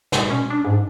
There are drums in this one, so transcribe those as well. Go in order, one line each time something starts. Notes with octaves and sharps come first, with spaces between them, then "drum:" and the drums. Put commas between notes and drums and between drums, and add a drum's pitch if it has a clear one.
B2, drum: snare
C#4
D4
G#2